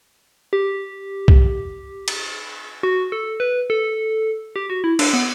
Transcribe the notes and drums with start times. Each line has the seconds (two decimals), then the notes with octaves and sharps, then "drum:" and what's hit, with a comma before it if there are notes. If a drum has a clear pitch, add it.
0.53 G4
1.28 drum: kick B1
2.08 drum: cymbal
2.83 F#4
3.12 A4
3.40 B4
3.70 A4
4.56 G4
4.70 F#4
4.84 E4
4.99 D4, drum: cymbal
5.13 B3